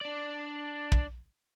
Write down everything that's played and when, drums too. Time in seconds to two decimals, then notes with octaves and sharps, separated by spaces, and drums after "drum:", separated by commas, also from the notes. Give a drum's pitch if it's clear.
0.01 D4 D5
0.92 drum: kick